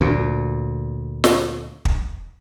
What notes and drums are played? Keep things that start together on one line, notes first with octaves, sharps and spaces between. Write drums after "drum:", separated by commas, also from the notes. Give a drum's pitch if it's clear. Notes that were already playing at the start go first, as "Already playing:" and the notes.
D2 A#2
drum: snare
drum: kick